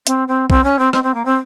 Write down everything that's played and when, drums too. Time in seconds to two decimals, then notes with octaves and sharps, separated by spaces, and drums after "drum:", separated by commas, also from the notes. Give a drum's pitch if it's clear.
0.07 C4, drum: hi-hat
0.28 C4
0.50 C4, drum: kick
0.64 C#4
0.79 C4
0.93 C4, drum: rim click
1.03 C4
1.14 A#3
1.25 C4